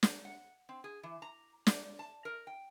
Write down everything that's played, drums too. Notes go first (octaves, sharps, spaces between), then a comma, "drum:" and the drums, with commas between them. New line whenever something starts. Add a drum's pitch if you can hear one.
drum: snare
F#5
C4
G#4
E3
A#5
D5, drum: snare
A5
A#4
G5